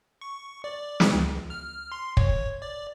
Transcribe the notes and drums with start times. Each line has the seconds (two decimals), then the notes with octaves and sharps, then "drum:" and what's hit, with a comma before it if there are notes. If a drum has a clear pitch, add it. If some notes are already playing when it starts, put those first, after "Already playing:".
0.21 C#6
0.64 D5
1.00 drum: snare
1.14 C#2
1.50 F6
1.92 C6
2.17 C#5, drum: kick
2.62 D5